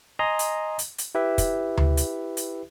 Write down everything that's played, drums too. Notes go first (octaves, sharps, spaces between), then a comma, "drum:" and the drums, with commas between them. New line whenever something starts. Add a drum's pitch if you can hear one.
D#5 G#5 A#5 C6 D#6
drum: hi-hat
drum: hi-hat
drum: hi-hat
E4 G4 B4 E5
drum: kick, hi-hat
drum: tom D2
drum: hi-hat
drum: hi-hat